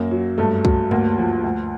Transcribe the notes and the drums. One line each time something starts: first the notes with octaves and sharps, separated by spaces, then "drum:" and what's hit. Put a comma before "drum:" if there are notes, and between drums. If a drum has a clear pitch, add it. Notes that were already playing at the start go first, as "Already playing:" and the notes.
Already playing: F#2 A#3
F#3
G2 A3
F#3, drum: kick
D2 A#3, drum: tom G2
F3
D2